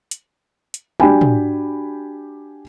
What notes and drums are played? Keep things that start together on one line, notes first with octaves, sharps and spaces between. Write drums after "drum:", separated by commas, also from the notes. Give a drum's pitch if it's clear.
drum: hi-hat
drum: hi-hat
D4 F#4 G4 G5 G#5 B5, drum: tom
drum: tom